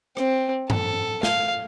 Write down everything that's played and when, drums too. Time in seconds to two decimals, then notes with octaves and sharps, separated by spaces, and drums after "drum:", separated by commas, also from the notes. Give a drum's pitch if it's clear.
0.17 C4, drum: rim click
0.70 A4, drum: tom G2
1.23 F5, drum: snare